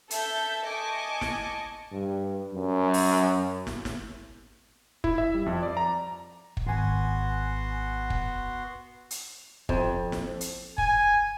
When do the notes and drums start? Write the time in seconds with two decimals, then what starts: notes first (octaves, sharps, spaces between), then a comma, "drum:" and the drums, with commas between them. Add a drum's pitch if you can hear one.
0.10 A4 E5 G6, drum: hi-hat
0.66 D#5 G#5 A5 C#6 D6
1.21 drum: snare
1.92 G2
2.54 F#2
2.94 drum: open hi-hat
3.67 drum: snare
3.85 drum: snare
5.04 E4, drum: kick
5.18 E5
5.35 G3
5.46 F2
5.63 D5
5.77 A#5
6.57 drum: kick
6.67 G#1 B3 F#4 G#5 C6
8.10 drum: kick
9.11 drum: hi-hat
9.69 F2, drum: kick
10.12 drum: snare
10.41 drum: hi-hat
10.78 G#5, drum: kick